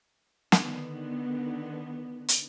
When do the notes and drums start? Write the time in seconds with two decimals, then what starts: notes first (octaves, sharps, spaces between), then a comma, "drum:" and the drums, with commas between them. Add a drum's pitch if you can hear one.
0.52 D3 D#3 B3, drum: snare
2.28 drum: hi-hat